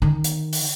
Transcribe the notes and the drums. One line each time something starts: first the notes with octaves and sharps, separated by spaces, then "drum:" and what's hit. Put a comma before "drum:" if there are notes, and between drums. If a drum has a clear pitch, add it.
D#3
drum: hi-hat
drum: open hi-hat